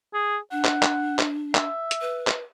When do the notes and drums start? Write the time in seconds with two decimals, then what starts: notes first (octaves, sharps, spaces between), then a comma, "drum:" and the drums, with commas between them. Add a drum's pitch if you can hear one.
0.14 G#4
0.52 D4 F#5
0.65 drum: clap
0.83 drum: clap
1.19 drum: clap
1.55 E5, drum: clap
1.91 drum: hi-hat
2.01 B4
2.27 drum: clap